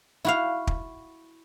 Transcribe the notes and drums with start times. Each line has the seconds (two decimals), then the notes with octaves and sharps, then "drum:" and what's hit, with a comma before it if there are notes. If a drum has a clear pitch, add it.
0.25 E4 F#4 F5
0.67 drum: kick